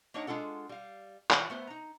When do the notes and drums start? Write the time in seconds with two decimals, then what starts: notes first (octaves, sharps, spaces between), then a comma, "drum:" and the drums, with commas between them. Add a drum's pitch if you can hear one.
0.14 A#3 D4 D#4 C#5 F#5
0.27 G#3 D4 F4 A4 F#5
0.69 G3 F5
1.31 E3 F4 C#5, drum: clap
1.50 A3 B3 C5
1.67 D#4 A#5